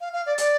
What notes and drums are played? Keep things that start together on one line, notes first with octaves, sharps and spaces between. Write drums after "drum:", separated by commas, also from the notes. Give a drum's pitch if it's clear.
F5
F5
D5
D5, drum: hi-hat